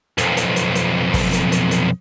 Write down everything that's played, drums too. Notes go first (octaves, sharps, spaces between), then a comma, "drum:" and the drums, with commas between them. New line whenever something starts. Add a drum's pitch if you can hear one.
B1 F2, drum: hi-hat
drum: hi-hat
drum: hi-hat
drum: hi-hat
drum: kick, open hi-hat
drum: hi-hat
drum: hi-hat
drum: hi-hat